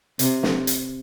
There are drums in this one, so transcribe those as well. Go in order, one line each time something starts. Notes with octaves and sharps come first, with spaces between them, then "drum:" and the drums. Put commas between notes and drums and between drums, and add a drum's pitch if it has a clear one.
C3, drum: hi-hat
drum: snare
drum: hi-hat